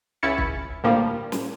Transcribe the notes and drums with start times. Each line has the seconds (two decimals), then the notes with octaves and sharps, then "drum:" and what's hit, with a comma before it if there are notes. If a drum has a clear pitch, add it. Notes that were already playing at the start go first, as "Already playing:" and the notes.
0.23 C#2 C#4 E4 A6 C#7
0.38 drum: kick
0.83 D2 A2 F3 G3 A#3
1.32 drum: snare